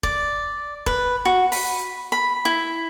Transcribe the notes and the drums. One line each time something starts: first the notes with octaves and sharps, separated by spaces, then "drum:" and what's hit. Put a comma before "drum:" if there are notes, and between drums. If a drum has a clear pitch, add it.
D5, drum: kick
B4, drum: kick
F#4
B5, drum: open hi-hat
B5
E4